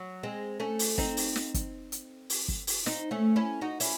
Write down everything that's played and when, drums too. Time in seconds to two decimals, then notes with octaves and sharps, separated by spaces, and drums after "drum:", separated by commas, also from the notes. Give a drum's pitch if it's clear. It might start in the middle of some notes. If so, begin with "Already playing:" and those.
Already playing: F#3
0.23 G#3 C4
0.60 A3 C#4
0.79 drum: open hi-hat
0.98 C4 D#4, drum: kick
1.17 drum: open hi-hat
1.36 drum: snare
1.54 drum: kick, hi-hat
1.92 drum: hi-hat
2.30 drum: open hi-hat
2.48 drum: kick
2.67 drum: open hi-hat
2.86 C4 D#4, drum: snare
3.11 A3 C#4
3.36 C#4 E4
3.61 D#4 F#4
3.80 C#4 E4, drum: open hi-hat